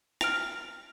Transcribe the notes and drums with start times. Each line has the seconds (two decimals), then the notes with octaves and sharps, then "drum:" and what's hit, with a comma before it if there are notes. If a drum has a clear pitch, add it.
0.21 F6 D7 F7, drum: rim click